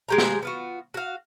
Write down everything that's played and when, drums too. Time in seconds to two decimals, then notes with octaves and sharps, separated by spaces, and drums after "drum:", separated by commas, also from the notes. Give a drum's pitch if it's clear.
0.09 G#3 G4 A#5
0.18 drum: snare
0.43 B3 F4 F#4
0.94 F#4 F5